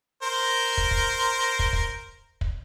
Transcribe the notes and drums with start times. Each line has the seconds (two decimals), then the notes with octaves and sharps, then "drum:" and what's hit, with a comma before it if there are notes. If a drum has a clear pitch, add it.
0.23 A#4 C5
0.77 drum: kick
0.91 drum: kick
1.59 drum: kick
1.73 drum: kick
2.41 drum: kick